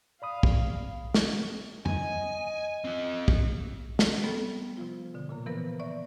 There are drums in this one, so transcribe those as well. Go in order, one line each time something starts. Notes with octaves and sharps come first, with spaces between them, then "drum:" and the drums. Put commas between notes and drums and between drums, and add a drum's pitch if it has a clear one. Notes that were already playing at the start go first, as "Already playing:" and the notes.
D5 F5 B5 D#6
drum: kick
drum: snare
D#5 G#5, drum: tom F2
C4 F4
drum: kick
drum: snare
G3 B3 C4 A4
C3 F3 F4
B2 D3
A#2 C#3 A#3
C3 E3 F3 B3 A#4 B4
D5 E5 C#6